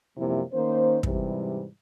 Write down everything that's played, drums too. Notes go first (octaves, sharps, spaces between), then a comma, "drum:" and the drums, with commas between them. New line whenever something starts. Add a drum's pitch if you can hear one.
F#2 C3 F3 G3 A#3 E4
D#3 A#3 C#4 C5
G#2 C3 E3 G3, drum: kick